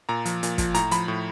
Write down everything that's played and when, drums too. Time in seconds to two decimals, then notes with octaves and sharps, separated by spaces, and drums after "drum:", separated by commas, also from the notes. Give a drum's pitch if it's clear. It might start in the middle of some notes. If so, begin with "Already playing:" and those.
0.09 A#2 A#5
0.25 F3, drum: hi-hat
0.43 A#2, drum: hi-hat
0.58 F3, drum: kick, hi-hat
0.74 A2 A#5, drum: hi-hat
0.91 F3 B5, drum: hi-hat
1.08 A2